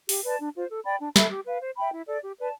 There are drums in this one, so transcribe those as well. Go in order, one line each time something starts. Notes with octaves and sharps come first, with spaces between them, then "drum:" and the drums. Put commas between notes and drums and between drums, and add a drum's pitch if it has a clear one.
G4, drum: open hi-hat
B4 D5 A5
D4
F4 C5
A4
D5 G5 B5
D4
A4 E5 B5, drum: snare
G4
B4 F5
C5
E5 G5 B5
E4
A4 D5
G4
B4 D5 A5